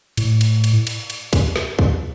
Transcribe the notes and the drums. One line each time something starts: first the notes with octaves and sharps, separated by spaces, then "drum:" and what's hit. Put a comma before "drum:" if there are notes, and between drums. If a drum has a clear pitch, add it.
A2, drum: cymbal
drum: cymbal
drum: cymbal
drum: cymbal
drum: cymbal
drum: kick, cymbal
drum: snare
drum: kick